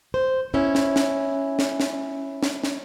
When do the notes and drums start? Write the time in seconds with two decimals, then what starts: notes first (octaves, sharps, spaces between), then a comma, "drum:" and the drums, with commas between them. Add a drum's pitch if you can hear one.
0.14 C5
0.54 C#4 E4
0.75 drum: snare
0.96 drum: snare
1.59 drum: snare
1.80 drum: snare
2.43 drum: snare
2.63 drum: snare